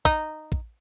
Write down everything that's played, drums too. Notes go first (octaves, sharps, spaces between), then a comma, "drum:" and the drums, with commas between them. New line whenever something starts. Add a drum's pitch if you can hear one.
D#4, drum: kick
drum: kick